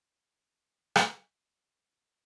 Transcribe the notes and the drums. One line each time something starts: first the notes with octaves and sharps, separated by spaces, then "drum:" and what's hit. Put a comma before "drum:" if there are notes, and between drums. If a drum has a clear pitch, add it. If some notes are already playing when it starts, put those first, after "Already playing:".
D4 A4 E5 G#5
drum: rim click
F#5 A5
B3 E4 G#4 E5 G#5